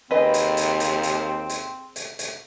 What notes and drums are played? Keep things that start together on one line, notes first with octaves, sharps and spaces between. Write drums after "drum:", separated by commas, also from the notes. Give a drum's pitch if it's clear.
D#2 C4 G#4 B4 D#5
drum: hi-hat
drum: hi-hat
drum: hi-hat
drum: hi-hat
drum: hi-hat
drum: hi-hat
drum: hi-hat